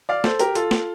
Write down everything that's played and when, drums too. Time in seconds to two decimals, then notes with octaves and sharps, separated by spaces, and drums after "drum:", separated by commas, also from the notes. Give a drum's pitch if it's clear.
0.09 D5 F5
0.24 A4 C5, drum: snare
0.39 G4 A#4, drum: hi-hat
0.55 F4 A4, drum: hi-hat
0.71 drum: snare